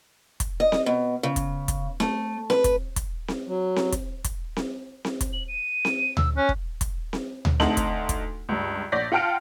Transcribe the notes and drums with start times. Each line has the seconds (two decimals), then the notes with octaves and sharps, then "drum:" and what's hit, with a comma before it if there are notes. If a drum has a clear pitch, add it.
0.40 drum: kick, hi-hat
0.60 D#5
0.72 drum: snare C4
0.86 B2
1.23 C#3
1.36 drum: kick, hi-hat
1.68 drum: kick, hi-hat
2.00 A3, drum: snare C4
2.50 B4, drum: snare C4
2.64 drum: kick, hi-hat
2.96 drum: kick, hi-hat
3.28 drum: snare C4
3.47 F#3
3.76 drum: snare C4
3.92 drum: kick, hi-hat
4.24 drum: kick, hi-hat
4.56 drum: snare C4
5.05 drum: snare C4
5.21 drum: kick, hi-hat
5.33 F#7
5.48 D#7
5.85 drum: snare C4
6.17 E6, drum: tom D2
6.36 C#4 F#6
6.49 drum: kick
6.81 drum: kick, hi-hat
7.13 drum: snare C4
7.45 drum: tom D2
7.60 D2 D#4 A5 F#7, drum: snare C4
7.77 drum: kick, hi-hat
8.09 drum: kick, hi-hat
8.49 C#2 G2
8.92 A#1 C#5 D5 G6 A#6 B6
9.12 F4 F#5 G5 A5 F6 D7